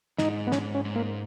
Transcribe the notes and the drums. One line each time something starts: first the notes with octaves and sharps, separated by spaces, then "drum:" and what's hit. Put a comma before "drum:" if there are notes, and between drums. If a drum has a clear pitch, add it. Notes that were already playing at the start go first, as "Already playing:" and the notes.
G#2 D#4, drum: snare
B3
G#2 C#4, drum: snare
C#4
G#2
A#3